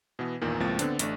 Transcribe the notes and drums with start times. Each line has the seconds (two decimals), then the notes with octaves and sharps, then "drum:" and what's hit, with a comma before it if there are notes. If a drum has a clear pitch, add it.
0.19 B2 E3 B3
0.41 G#1 E2 A#2 D#3
0.60 C#2 A2 F3 A#3 C4 A6
0.79 D3 B3 C4 D4, drum: hi-hat
0.99 A1 A3 D4, drum: hi-hat